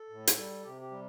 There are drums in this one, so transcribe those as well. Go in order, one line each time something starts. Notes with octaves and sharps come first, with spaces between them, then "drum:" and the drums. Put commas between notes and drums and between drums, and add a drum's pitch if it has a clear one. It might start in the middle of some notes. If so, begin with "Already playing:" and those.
Already playing: A4
A2
drum: hi-hat
G3
C3 G4
G4
G3